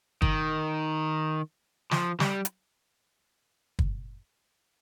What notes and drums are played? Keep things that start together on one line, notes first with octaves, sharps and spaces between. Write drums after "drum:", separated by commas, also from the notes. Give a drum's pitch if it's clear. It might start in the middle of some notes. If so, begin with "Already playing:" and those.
D#3, drum: kick
F3, drum: snare
G3, drum: snare
drum: hi-hat
drum: kick